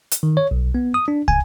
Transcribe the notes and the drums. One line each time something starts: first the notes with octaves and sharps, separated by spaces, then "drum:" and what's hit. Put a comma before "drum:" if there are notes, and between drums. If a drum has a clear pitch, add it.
drum: hi-hat
D#3
C#5
B1
B3
D#6
D4
G#5, drum: kick